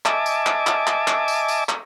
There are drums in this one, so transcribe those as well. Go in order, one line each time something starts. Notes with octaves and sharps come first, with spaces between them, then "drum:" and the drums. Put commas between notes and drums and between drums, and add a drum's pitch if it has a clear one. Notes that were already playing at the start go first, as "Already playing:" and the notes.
D#5 E5 G#5 A5 D6, drum: clap
drum: tambourine
drum: clap
drum: clap
drum: clap
drum: clap
drum: tambourine
drum: tambourine
drum: clap